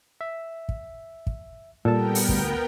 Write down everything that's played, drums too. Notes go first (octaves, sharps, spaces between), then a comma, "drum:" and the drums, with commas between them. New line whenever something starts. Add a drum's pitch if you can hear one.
E5
drum: kick
drum: kick
A#2 G3 B3 A4 A#4 G5 A5
drum: open hi-hat
D2, drum: kick